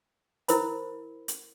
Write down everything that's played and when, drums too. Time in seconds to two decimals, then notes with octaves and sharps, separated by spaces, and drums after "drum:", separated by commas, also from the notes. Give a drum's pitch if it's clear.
0.48 E4 A#4 C5 B5, drum: hi-hat
1.28 drum: hi-hat